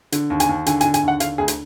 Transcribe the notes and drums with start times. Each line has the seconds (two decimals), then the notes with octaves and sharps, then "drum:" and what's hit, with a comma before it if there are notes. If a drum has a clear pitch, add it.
0.12 D3, drum: hi-hat
0.30 D#2
0.40 G#5, drum: hi-hat
0.49 D#2
0.66 D3 G#5, drum: hi-hat
0.81 G#5, drum: hi-hat
0.85 D3
0.94 G#5, drum: hi-hat
1.03 D#2 F#5
1.20 D3 F5, drum: hi-hat
1.38 D2 G#4
1.48 drum: hi-hat